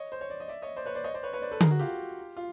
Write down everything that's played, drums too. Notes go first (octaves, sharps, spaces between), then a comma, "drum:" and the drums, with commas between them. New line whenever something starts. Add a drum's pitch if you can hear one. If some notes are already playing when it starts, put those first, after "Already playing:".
Already playing: C#5 D#5
C5
C#5
D5
D#5
D5 E5
C#5 D#5
C5 D5
B4 C#5
C5 D5
C#5 D#5
C5 D5
B4 C#5
B4 C#5
C5 D5
A4 B4
G#4 A#4, drum: tom D3
F#4
F4 G4
F4